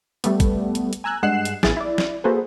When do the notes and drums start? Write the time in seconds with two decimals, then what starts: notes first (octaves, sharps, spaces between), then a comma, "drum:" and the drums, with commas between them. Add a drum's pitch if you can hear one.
0.24 G3 A3 B3, drum: hi-hat
0.40 drum: kick, hi-hat
0.75 drum: hi-hat
0.93 drum: hi-hat
1.04 G#5 A#5 E6 F#6 G#6
1.23 G2 G#3 F#5 F#6 C7 E7
1.45 drum: hi-hat
1.63 A1 B3 E4 G#4 A6, drum: snare
1.77 E4 D5
1.98 drum: snare
2.24 A#3 F#4 G#4 A4 B4 C5